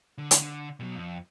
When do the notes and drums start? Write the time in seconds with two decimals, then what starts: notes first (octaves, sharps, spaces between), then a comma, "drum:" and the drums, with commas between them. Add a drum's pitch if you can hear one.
0.18 D3
0.31 drum: hi-hat
0.42 D3
0.80 B2 F#3
0.95 F2